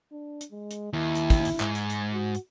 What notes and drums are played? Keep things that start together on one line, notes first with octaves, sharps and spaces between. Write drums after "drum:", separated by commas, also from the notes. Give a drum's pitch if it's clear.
D4
drum: hi-hat
G#3
drum: hi-hat
D#2 E4
drum: hi-hat
drum: kick, hi-hat
drum: hi-hat
G#2, drum: clap
drum: hi-hat
drum: hi-hat
F#4
drum: hi-hat